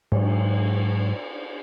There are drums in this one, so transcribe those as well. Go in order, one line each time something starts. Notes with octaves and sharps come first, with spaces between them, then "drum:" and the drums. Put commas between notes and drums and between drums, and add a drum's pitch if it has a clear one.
G#2 F#3, drum: cymbal